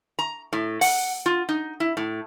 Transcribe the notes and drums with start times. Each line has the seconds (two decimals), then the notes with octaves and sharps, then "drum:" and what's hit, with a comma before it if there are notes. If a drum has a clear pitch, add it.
0.19 A#5
0.53 A2
0.81 F#5, drum: open hi-hat
1.26 F4
1.49 D#4
1.80 E4
1.97 A2